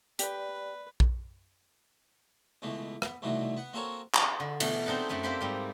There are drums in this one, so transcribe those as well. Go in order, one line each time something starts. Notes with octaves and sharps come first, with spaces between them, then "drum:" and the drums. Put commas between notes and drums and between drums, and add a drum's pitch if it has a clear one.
G4 B4 D5, drum: hi-hat
drum: kick A#1
C#2 B2 E3 A3
B3, drum: rim click
C2 B2 D#3 E3 F#3 A3
B3 F#5
A#3 C4 F#4 A4 A#4 C#5
drum: clap
D3
B2 E3 A3 D4, drum: cymbal
C4 D4 D#4 F#5 A5
F#2 A3 G#5 B5
A#3 C4 G4 E5 B5 C6
G#2 G3 C4